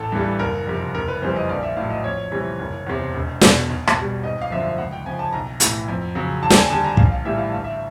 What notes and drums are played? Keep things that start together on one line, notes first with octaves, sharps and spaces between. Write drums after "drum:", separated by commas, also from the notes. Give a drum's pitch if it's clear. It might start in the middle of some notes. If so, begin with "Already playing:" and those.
Already playing: A1 A4
G2 E3 G3
F#1 A#4
F2 C3
F#1 A#4
B4
F2 C#3 E3 G3 C5
D#5
A#1 D5
E5
A2 F#3 F5
D#5
F2 C#5
C3 E3 G3
F#1
E2 C3
E1
E2 B2, drum: snare
B1
drum: rim click
B2 G3
G#1 D#5
F5
F#2 D3 F3 E5
F5
C#2 F#5
G5
C#3 F3 G#5
A5
B1 A#5
A2 E3, drum: hi-hat
F2
C#3 F#3
D#2 A5
G5, drum: snare
G#5
D3 G3 A5
A#5
A#1 F5, drum: kick
F5
A2 E3 G3 E5
F5
G1 F5
E5